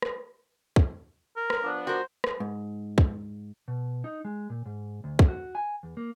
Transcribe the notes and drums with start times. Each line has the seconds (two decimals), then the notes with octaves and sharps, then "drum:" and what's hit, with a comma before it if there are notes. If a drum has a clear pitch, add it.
0.02 drum: rim click
0.76 drum: kick
1.37 A#4
1.50 drum: rim click
1.64 F3 B3 D4
1.87 F#4 A#4 C5
2.24 drum: rim click
2.40 G#2
2.98 drum: kick
3.68 B2
4.04 D#4
4.25 G#3
4.50 A#2
4.66 G#2
5.04 D2
5.19 drum: kick
5.28 F#4
5.55 G#5
5.83 E2
5.97 A#3